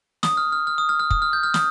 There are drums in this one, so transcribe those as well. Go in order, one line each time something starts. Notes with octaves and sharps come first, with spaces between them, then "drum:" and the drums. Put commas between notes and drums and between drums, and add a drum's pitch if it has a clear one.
D#6, drum: snare
F6
F6
F6
D#6
F6
F6
D#6, drum: kick
F6
G6
F6
D#6, drum: snare